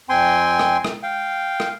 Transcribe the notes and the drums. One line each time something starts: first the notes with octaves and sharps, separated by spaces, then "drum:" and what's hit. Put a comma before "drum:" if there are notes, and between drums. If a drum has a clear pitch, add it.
F2 C4 G5 G#5 C6
drum: rim click
drum: rim click
F5 G5
drum: rim click